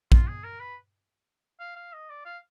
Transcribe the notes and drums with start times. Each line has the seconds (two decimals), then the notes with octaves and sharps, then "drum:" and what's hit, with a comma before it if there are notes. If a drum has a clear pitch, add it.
0.12 F4, drum: kick
0.28 G#4
0.44 A#4
0.60 B4
1.60 F5
1.76 F5
1.93 D#5
2.09 D5
2.25 F5